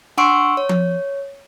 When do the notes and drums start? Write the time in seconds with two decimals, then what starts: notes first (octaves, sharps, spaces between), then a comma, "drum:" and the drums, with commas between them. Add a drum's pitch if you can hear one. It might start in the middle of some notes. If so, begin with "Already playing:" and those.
0.18 D4 F#5 C6 C#6 E6 D7
0.57 C#5
0.69 drum: tom F3